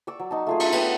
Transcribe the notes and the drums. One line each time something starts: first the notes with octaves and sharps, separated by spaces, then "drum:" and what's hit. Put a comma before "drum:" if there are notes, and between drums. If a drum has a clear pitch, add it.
D5 C#6 D6 E6
F#3
D#4 A5
A3 F4 G#4
F#5, drum: cymbal
B3 B4 G5, drum: cymbal